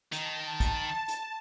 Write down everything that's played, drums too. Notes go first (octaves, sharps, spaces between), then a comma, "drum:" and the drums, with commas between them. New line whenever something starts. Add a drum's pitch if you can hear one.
D#3 A5, drum: hi-hat
drum: kick, hi-hat
drum: hi-hat